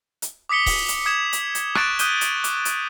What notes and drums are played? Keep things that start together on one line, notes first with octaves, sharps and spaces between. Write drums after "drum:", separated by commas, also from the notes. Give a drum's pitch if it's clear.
drum: hi-hat
D6 D#6 B6 C#7 G7
drum: kick C#1, open hi-hat
drum: hi-hat
D#6 G#6 C#7 E7
drum: hi-hat
drum: hi-hat
C#6 F#6 A6 D7 E7, drum: rim click
D#6 F#6 G6 D#7 G7, drum: hi-hat
drum: hi-hat
D6, drum: hi-hat
drum: hi-hat